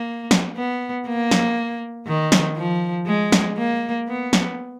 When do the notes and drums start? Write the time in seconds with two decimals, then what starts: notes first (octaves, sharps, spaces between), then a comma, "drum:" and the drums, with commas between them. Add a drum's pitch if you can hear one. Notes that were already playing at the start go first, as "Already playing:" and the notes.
Already playing: A#3
0.31 drum: snare
0.57 B3
1.07 A#3
1.31 drum: snare
2.07 D#3
2.32 drum: snare
2.57 F3
3.07 G#3
3.32 drum: snare
3.57 A#3
4.08 B3
4.33 drum: snare